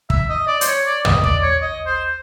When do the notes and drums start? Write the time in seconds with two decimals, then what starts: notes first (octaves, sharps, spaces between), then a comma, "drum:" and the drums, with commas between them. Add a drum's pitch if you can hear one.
0.10 E5, drum: kick
0.29 D#5
0.47 D5
0.61 C5, drum: hi-hat
0.67 C#5
0.86 D5
1.05 D#5, drum: tom
1.24 D5, drum: kick
1.43 C#5
1.62 D#5
1.86 C5